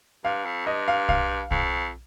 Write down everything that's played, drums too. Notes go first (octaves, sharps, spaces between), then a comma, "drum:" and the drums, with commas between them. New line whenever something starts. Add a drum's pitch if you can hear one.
G2 F5
F2
G2 D#5
F5
F5, drum: kick
F2, drum: kick